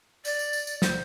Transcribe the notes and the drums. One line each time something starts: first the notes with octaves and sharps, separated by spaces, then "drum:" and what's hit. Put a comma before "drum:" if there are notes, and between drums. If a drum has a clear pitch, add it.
D5, drum: tambourine
drum: tambourine
drum: tambourine
drum: tambourine
C5, drum: snare